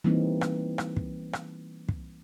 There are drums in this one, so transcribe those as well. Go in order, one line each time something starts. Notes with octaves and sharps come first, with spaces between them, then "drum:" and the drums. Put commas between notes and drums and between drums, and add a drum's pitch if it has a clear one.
E3 G3 G#3 A#3 C4 D#4
drum: rim click
drum: rim click
drum: kick
drum: rim click
drum: kick